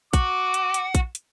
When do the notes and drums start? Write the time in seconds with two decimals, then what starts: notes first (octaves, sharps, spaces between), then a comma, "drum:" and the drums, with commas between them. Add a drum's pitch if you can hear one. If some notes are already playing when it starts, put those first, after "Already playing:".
0.13 F#4 D6, drum: kick, hi-hat
0.54 drum: hi-hat
0.74 drum: hi-hat
0.95 drum: kick, hi-hat
1.15 drum: hi-hat